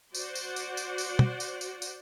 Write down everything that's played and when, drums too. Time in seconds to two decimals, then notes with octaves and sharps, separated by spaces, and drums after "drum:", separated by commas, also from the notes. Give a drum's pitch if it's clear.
0.15 F#4 C5 D5 F#5, drum: tambourine
0.35 drum: tambourine
0.56 drum: tambourine
0.77 drum: tambourine
0.98 drum: tambourine
1.19 drum: tom
1.40 drum: tambourine
1.61 drum: tambourine
1.82 drum: tambourine